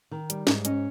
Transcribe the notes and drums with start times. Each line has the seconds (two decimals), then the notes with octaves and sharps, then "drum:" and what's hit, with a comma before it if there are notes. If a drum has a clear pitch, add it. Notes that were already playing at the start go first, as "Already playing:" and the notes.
0.11 D#3
0.30 G3, drum: hi-hat
0.47 G#2, drum: snare
0.65 C#4 D#5, drum: hi-hat